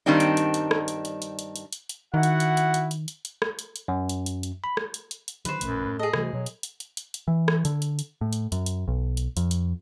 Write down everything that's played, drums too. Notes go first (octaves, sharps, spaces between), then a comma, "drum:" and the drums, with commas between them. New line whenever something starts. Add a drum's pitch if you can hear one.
G2 D#3 G3 C4 D4 D#4
drum: hi-hat
drum: hi-hat
drum: hi-hat
drum: rim click
drum: hi-hat
drum: hi-hat
drum: hi-hat
drum: hi-hat
drum: hi-hat
drum: hi-hat
drum: hi-hat
D#3 E4 F#4 F#5
drum: hi-hat
drum: hi-hat
drum: hi-hat
drum: hi-hat
drum: hi-hat
drum: hi-hat
drum: hi-hat
drum: rim click
drum: hi-hat
drum: hi-hat
F#2
drum: hi-hat
drum: hi-hat
drum: hi-hat
B5
drum: rim click
drum: hi-hat
drum: hi-hat
drum: hi-hat
D3 D#3 F#3 B4 C5, drum: hi-hat
A#1 F#2 A2, drum: hi-hat
A2
G#4 A4 D#5
D2 C3 E3 G3, drum: rim click
B2 F#3
drum: hi-hat
drum: hi-hat
drum: hi-hat
drum: hi-hat
drum: hi-hat
E3
drum: rim click
D3, drum: hi-hat
drum: hi-hat
drum: hi-hat
A2
drum: hi-hat
F#2, drum: hi-hat
drum: hi-hat
B1
drum: hi-hat
F2, drum: hi-hat
drum: hi-hat